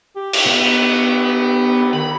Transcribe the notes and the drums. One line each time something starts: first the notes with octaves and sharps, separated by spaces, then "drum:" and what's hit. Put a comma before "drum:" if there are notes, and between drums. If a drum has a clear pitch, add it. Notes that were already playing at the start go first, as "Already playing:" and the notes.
G4
drum: cymbal
B3
D#3 B5